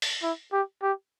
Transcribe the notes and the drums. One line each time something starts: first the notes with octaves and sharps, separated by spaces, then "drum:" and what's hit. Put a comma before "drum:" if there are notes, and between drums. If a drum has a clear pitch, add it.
drum: open hi-hat
E4
G4
G4